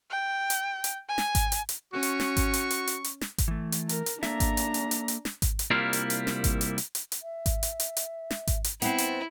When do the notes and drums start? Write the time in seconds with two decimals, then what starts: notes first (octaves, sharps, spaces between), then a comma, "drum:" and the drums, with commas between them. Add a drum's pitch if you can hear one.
0.10 G5
0.50 drum: hi-hat
0.84 drum: hi-hat
1.09 G#5
1.18 drum: snare
1.35 drum: kick G#1, hi-hat
1.52 drum: hi-hat
1.69 drum: hi-hat
1.93 C#4 F#4 C#6
2.03 drum: hi-hat
2.20 drum: snare
2.37 drum: kick G#1, hi-hat
2.54 drum: hi-hat
2.71 drum: hi-hat
2.87 drum: hi-hat
3.04 drum: hi-hat
3.21 drum: snare
3.38 drum: kick G#1, hi-hat
3.48 E3 A3
3.72 drum: hi-hat
3.89 A#4, drum: hi-hat
4.06 drum: hi-hat
4.23 A#3 D4 A4 E5 A#5, drum: snare
4.40 drum: kick G#1, hi-hat
4.57 drum: hi-hat
4.74 drum: hi-hat
4.91 drum: hi-hat
5.08 drum: hi-hat
5.25 drum: snare
5.42 drum: kick G#1, hi-hat
5.59 drum: hi-hat
5.70 C2 G3 A#3 E4 F4 F5
5.93 drum: hi-hat
6.10 drum: hi-hat
6.27 drum: snare
6.44 drum: kick G#1, hi-hat
6.61 drum: hi-hat
6.78 drum: hi-hat
6.95 drum: hi-hat
7.12 drum: hi-hat
7.22 E5
7.46 drum: kick G#1, hi-hat
7.63 drum: hi-hat
7.80 drum: hi-hat
7.97 drum: hi-hat
8.31 drum: snare
8.47 drum: kick G#1, hi-hat
8.64 drum: hi-hat
8.82 B3 C4 E4, drum: hi-hat
8.98 drum: hi-hat